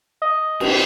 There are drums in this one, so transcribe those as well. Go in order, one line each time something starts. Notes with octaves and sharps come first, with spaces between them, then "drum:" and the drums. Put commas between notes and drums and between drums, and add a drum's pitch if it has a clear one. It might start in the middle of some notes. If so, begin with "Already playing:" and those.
D#5
drum: cymbal